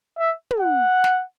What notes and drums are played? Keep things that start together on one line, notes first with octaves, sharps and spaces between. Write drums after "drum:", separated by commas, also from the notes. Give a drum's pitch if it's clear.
E5
drum: tom
F#5
drum: snare